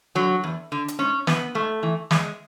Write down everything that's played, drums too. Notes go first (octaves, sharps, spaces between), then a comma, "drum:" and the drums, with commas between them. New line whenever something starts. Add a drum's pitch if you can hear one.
D3 F#3
E2
D3
drum: hi-hat
G#2 C#4
E3 B3, drum: snare
G#2 A3
E3
E2 G#3, drum: snare